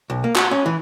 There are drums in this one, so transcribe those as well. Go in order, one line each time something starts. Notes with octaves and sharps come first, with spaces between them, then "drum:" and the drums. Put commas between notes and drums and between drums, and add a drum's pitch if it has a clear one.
B1
A#3
F#4, drum: clap
C#4
E3